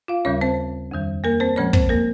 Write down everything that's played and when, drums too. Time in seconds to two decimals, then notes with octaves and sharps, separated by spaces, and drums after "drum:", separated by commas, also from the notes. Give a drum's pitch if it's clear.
0.08 F4 F5
0.25 D#2 C#3 G3 C#4 C#5
0.41 C4 C5
0.91 F2 D#3 G3
1.24 A#3 A#4
1.40 C4 C5
1.56 A#2 F3 G#3 C#4 C#5
1.73 C4 C5, drum: kick
1.89 A#3 A#4